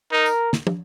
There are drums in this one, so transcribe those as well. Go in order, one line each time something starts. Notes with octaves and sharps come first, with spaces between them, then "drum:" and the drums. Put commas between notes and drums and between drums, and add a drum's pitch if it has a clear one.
D#4 A#4
drum: tambourine
drum: snare
drum: tom